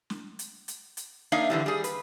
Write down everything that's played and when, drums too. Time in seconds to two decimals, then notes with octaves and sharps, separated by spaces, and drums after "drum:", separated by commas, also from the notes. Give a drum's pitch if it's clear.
0.10 drum: snare
0.39 drum: hi-hat
0.68 drum: hi-hat
0.97 drum: hi-hat
1.32 A#3 D4 D#4 E5 F5
1.50 D3 E3 G3
1.66 G3 G#4
1.84 B4, drum: hi-hat